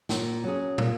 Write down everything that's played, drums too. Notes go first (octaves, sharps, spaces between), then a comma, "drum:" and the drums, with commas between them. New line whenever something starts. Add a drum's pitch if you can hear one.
A#2, drum: snare
F#3 C#4 G#4
A#2, drum: tom